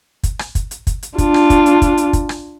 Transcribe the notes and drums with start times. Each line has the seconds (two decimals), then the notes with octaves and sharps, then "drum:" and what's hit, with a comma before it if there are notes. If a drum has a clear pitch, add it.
0.23 drum: kick, hi-hat
0.39 drum: rim click
0.55 drum: kick, hi-hat
0.71 drum: hi-hat
0.87 drum: kick, hi-hat
1.03 drum: hi-hat
1.18 D4 F4, drum: kick, hi-hat
1.34 drum: rim click
1.50 drum: kick, hi-hat
1.66 drum: hi-hat
1.82 drum: kick, hi-hat
1.97 drum: hi-hat
2.13 drum: kick, hi-hat
2.29 drum: rim click